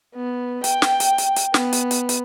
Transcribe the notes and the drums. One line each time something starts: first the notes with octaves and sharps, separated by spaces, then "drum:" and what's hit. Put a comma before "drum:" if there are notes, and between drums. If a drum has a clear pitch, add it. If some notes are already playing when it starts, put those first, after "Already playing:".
B3
G5, drum: hi-hat
drum: snare
drum: hi-hat
drum: hi-hat
drum: hi-hat
B3, drum: snare
drum: hi-hat
drum: hi-hat
drum: hi-hat